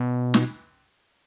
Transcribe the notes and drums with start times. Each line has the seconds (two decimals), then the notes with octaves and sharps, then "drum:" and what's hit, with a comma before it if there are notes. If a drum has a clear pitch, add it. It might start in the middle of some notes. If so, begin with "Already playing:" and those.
Already playing: B2
0.34 drum: snare